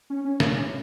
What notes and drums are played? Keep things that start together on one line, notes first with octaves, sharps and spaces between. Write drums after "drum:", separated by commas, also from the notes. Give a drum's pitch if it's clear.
C#4
C#4
C#4, drum: snare